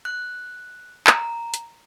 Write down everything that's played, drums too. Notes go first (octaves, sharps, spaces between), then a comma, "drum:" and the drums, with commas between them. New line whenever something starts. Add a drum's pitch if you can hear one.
F#6
A#5, drum: clap
drum: hi-hat